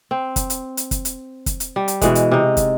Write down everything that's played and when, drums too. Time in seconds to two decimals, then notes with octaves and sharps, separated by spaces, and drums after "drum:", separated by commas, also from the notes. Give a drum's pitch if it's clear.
0.11 C4
0.36 drum: kick, hi-hat
0.50 drum: hi-hat
0.77 drum: hi-hat
0.91 drum: kick, hi-hat
1.05 drum: hi-hat
1.46 drum: kick, hi-hat
1.60 drum: hi-hat
1.76 G3
1.88 drum: hi-hat
2.01 B2 E3 G#3, drum: kick, hi-hat
2.15 drum: hi-hat
2.31 C3 D#4
2.57 drum: kick, hi-hat